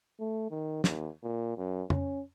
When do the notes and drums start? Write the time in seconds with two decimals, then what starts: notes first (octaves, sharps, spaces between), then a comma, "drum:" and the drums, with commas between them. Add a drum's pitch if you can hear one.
0.20 A3
0.50 D#3
0.84 D#2, drum: snare
1.23 A#2
1.57 F#2
1.90 C#4, drum: tom